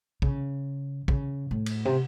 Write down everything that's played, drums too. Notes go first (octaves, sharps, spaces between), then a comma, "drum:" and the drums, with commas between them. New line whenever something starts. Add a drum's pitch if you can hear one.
C#3, drum: kick
C#3, drum: kick
A2
drum: cymbal
C3